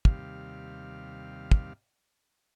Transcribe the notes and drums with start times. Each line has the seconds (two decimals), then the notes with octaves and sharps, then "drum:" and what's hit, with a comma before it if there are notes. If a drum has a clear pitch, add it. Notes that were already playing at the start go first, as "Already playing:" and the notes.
0.05 D#2 C3 G3 F5, drum: kick
1.51 drum: kick